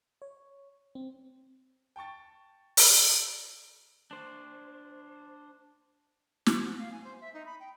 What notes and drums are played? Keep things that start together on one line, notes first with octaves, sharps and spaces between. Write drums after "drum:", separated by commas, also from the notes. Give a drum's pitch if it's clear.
C#5
C4
G5 A5 C#6 A6
drum: open hi-hat
D4 C5
drum: snare
F#4
F5
G#5
C5
E5
D#4
B5
G5